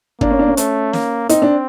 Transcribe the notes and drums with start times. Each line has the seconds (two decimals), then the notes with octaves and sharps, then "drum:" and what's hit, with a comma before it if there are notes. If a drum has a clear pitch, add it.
0.21 A#3 D4, drum: kick
0.31 C#4
0.39 D4
0.48 C#4
0.57 A3, drum: hi-hat
0.93 A#3, drum: snare
1.29 C4 D#4, drum: hi-hat
1.42 D4